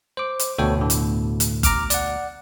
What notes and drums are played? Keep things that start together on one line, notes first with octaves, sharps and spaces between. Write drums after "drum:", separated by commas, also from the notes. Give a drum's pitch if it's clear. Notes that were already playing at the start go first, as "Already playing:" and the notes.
C5 D6
drum: hi-hat
D2 B2 A4 C#5 G5
A2 D3
drum: hi-hat
drum: hi-hat
A#5 D6 F6, drum: kick F#1, hi-hat
D5 F#5, drum: hi-hat